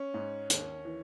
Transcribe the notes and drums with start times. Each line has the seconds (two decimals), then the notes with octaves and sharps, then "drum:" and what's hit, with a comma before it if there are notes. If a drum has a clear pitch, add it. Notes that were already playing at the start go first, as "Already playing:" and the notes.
Already playing: C#4
0.14 G#2
0.50 D#2, drum: hi-hat
0.85 E3